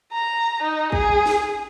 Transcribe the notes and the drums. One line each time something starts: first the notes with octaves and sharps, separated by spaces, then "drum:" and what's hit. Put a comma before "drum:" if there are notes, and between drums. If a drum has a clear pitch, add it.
A#5
D#4
G#4, drum: kick
drum: snare